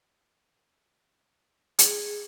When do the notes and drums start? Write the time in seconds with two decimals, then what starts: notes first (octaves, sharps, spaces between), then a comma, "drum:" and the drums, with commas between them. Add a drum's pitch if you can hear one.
1.79 G#4, drum: hi-hat